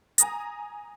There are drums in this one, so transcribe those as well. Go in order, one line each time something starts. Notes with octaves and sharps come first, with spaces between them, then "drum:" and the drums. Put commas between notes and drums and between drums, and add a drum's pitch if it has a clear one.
G#5 A#5 D#6 A#6, drum: hi-hat